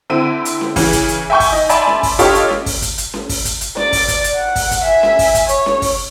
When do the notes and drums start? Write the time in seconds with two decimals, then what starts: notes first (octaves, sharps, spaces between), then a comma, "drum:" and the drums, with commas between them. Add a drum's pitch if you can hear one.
0.10 D3 C4 E4 D#7
0.45 drum: hi-hat
0.61 drum: snare C#4
0.76 C#3 E3, drum: kick, open hi-hat
0.93 drum: kick, hi-hat
1.08 drum: hi-hat
1.30 E5 G5 G#5 C#6 G6
1.40 drum: kick, open hi-hat
1.52 D#4
1.69 D5 E5 G#5 A5 B5 C6, drum: hi-hat
1.87 drum: snare C#4
2.03 drum: kick, open hi-hat
2.19 D4 F4 G4 A4 C#5 D#5, drum: kick, hi-hat
2.35 drum: hi-hat
2.50 drum: snare C#4
2.66 drum: kick, open hi-hat
2.82 drum: kick, hi-hat
2.98 drum: hi-hat
3.14 drum: snare C#4
3.29 drum: kick, open hi-hat
3.45 drum: kick, hi-hat
3.61 drum: hi-hat
3.77 D5, drum: snare C#4
3.92 drum: kick, open hi-hat
4.08 drum: kick, hi-hat
4.24 drum: hi-hat
4.36 F#5
4.56 drum: kick, open hi-hat
4.71 drum: kick, hi-hat
4.84 E5 G#5
5.03 drum: snare C#4
5.19 drum: kick, open hi-hat
5.35 drum: kick, hi-hat
5.48 C#5, drum: hi-hat
5.66 drum: snare C#4
5.82 drum: kick, open hi-hat